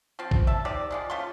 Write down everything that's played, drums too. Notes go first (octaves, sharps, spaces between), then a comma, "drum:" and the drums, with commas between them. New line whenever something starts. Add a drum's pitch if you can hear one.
F3 C4
drum: kick A1
E5 A5
D#4 G4 C5 D5
F3 G#3 A#3
C#3 A3 F4 C6